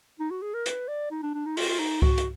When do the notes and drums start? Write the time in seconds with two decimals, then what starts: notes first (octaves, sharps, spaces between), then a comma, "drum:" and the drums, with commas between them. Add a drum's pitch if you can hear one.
0.20 D#4
0.30 F#4
0.42 G#4
0.54 A#4
0.66 B4, drum: hi-hat
0.88 D5
1.11 D#4
1.23 D4
1.34 D4
1.46 D#4
1.57 F4, drum: open hi-hat
1.69 F4
1.79 D#4
2.02 F#4, drum: kick C2
2.18 drum: hi-hat